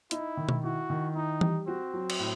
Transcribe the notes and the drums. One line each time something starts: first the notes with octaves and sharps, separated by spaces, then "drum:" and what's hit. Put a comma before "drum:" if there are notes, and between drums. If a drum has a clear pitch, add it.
D#4 E4, drum: hi-hat
D#3
drum: tom B2
E4 F#4
D#3
D#4 E4
G3, drum: tom E3
C4 F#4
F#3
drum: cymbal
A2